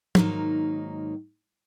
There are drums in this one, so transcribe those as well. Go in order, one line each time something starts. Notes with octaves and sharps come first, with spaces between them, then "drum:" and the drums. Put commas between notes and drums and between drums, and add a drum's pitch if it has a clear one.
G#2 D#3 F#3 A#3 D#4, drum: tom